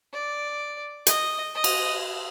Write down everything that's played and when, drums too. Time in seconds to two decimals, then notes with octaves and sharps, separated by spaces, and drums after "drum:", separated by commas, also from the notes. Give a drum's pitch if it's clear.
0.13 D5
1.07 D#5, drum: hi-hat
1.55 D#5
1.64 drum: cymbal